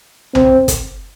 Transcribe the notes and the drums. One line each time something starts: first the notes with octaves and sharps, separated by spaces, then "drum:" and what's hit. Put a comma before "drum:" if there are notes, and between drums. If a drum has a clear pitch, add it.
C4, drum: tom B1
drum: kick, hi-hat